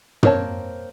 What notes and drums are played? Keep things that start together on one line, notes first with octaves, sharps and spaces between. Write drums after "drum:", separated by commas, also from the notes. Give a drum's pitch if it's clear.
A#3 C4 C#5 A5, drum: tom